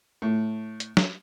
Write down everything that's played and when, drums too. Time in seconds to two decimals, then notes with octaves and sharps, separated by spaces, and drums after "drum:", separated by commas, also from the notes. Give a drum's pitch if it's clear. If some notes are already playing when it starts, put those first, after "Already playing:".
0.22 A2
0.80 drum: hi-hat
0.97 drum: snare